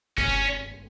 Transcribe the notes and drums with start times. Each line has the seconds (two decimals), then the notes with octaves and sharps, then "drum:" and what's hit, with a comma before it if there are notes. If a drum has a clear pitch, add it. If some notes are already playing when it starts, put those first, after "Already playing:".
0.18 C#4, drum: kick F#1, hi-hat